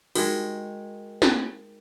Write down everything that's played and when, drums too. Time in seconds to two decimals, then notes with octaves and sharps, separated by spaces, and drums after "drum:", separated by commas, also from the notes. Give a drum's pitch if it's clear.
0.15 D#3 G#3 F#4, drum: open hi-hat
1.22 drum: snare